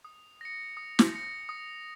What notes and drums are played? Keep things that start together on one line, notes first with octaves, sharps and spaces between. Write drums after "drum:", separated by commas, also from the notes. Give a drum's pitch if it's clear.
D#6
A#6 C#7
D#6
drum: snare
A#6 C#7
D#6